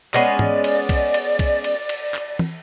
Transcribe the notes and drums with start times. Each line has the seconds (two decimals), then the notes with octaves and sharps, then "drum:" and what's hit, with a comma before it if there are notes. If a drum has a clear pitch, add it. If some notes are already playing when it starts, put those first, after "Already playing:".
0.14 G#3 B3 C#4 D5, drum: clap
0.39 drum: tom G#2
0.64 drum: cymbal
0.89 drum: kick B1, cymbal
1.14 drum: cymbal
1.39 drum: kick B1, cymbal
1.64 drum: cymbal
1.89 drum: cymbal
2.14 drum: clap
2.39 drum: tom E3